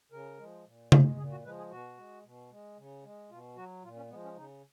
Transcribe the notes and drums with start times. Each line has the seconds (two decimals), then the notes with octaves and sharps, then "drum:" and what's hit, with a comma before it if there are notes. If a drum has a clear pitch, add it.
0.12 C#3 A#4
0.38 F3 G#3
0.65 A#2
0.92 G#3, drum: tom C#3
1.18 A#2 G#4
1.31 F#4
1.44 F3 G#3 B4
1.58 G#4
1.71 B2 F#4
1.97 G#3
2.24 B2
2.51 G#3
2.78 C#3
3.03 G#3
3.30 B2 F4
3.56 F#3 F#4
3.84 A#2 F4
3.96 C#4
4.10 F3 G#3 B3
4.24 C#4
4.36 C#3 D#4